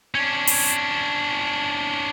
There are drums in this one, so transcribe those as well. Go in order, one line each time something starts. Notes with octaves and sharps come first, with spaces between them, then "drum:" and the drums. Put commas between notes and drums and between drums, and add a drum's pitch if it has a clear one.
C#4 D4
drum: open hi-hat